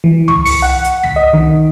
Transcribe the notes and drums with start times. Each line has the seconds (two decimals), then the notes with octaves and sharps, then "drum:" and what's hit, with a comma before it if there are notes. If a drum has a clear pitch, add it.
0.04 E3
0.28 C#6, drum: tom
0.45 C#7, drum: open hi-hat
0.62 F#5
0.84 drum: hi-hat
1.03 B6, drum: tom
1.16 D#5
1.33 D#3